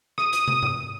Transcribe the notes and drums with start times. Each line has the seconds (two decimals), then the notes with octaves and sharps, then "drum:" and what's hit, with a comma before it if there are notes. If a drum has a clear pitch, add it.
0.18 D#6, drum: rim click
0.33 drum: hi-hat
0.48 drum: tom
0.63 drum: tom G#2